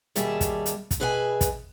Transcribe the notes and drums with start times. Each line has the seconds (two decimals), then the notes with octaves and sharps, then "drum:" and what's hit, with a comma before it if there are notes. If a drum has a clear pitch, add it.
0.16 D#2 B2 G3 G#4 E5 A5, drum: hi-hat
0.41 drum: kick, hi-hat
0.66 drum: hi-hat
0.91 drum: kick, hi-hat
1.00 B2 G#4 B4 E5 F5 G#5
1.41 drum: kick, hi-hat